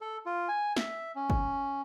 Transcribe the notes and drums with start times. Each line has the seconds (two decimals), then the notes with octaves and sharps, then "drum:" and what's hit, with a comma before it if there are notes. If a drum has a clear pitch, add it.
0.01 A4
0.26 F4
0.48 G#5
0.76 E5, drum: snare
1.15 C#4
1.30 drum: kick